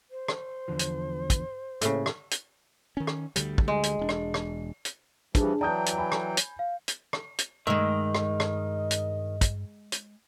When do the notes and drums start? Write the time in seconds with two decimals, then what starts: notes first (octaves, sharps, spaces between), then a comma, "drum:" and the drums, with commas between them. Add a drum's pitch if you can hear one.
0.11 C5
0.28 drum: rim click
0.68 E2 D3 F3
0.79 drum: hi-hat
1.30 drum: kick, hi-hat
1.81 A2 C#3 A#3, drum: hi-hat
2.06 drum: rim click
2.31 drum: hi-hat
2.97 D#3 C#4
3.07 drum: rim click
3.36 D2 D3 G3, drum: hi-hat
3.58 drum: kick
3.68 G#3
3.83 drum: hi-hat
3.99 E1 C#4 D4
4.09 drum: rim click
4.34 drum: rim click
4.85 drum: hi-hat
5.35 E3 F3 G3 D4 G#4, drum: kick, hi-hat
5.61 E3 F#3 D5 G5 A5 A#5 D#6 G6
5.86 drum: hi-hat
5.98 G#5 B5
6.12 drum: rim click
6.37 drum: hi-hat
6.59 F5
6.88 drum: hi-hat
7.13 drum: rim click
7.38 drum: hi-hat
7.67 G2 D#3 G#3 D#5 E5
8.15 drum: rim click
8.40 drum: rim click
8.91 drum: hi-hat
9.41 drum: kick, hi-hat
9.92 drum: hi-hat